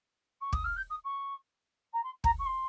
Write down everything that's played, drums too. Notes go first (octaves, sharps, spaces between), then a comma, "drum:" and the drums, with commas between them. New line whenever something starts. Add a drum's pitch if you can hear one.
C#6
D#6, drum: kick
F6
G6
D#6
C#6
A#5
C6
A#5, drum: kick
C#6
C6